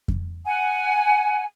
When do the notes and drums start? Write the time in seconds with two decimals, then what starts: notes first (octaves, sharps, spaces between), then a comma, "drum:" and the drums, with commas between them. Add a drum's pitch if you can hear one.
0.08 drum: kick F2
0.45 F#5 G#5